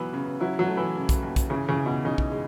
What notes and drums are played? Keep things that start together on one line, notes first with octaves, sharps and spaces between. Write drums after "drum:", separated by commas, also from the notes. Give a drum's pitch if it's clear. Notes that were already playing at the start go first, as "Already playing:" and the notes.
Already playing: E3 F#3 B3
C#3
F#3 E4
F#3
A3
E3
C#3
drum: kick B1, hi-hat
D#2
drum: kick B1, hi-hat
C#3 E3
C#3
E3
B2
C#3 D#4
drum: kick B1
G#3